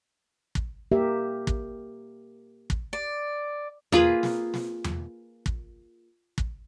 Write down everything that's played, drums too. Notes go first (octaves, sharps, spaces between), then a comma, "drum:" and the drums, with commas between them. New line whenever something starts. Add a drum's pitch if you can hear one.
drum: kick
A#3 G4 A#4 E5
drum: kick
drum: kick
D5
A#3 F4 G#4 B4, drum: tom E2
drum: snare
drum: snare
drum: tom E2
drum: kick
drum: kick